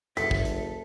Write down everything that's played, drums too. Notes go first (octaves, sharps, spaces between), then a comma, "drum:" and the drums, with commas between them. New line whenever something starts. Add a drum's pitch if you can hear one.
F#1 A4 E5 B6, drum: hi-hat
drum: kick
drum: hi-hat